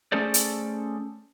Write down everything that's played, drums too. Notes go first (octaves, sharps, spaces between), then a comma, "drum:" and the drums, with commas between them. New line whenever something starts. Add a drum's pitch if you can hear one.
A3 C#4 G#4 A4 C5 D5
drum: hi-hat